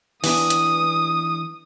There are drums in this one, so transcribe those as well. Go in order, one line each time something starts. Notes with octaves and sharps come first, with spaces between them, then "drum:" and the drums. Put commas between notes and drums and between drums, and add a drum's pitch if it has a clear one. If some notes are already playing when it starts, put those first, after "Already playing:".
E3 B3 D4 D#6, drum: open hi-hat
drum: hi-hat